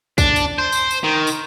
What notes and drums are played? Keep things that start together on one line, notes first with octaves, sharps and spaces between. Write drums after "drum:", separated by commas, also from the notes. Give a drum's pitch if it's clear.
D4, drum: kick, tambourine
drum: tambourine
C5
drum: tambourine
drum: tambourine
D#3
drum: tambourine